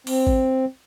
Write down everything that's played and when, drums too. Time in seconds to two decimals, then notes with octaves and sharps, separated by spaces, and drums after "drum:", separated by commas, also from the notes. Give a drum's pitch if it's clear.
0.07 C4, drum: open hi-hat
0.27 drum: kick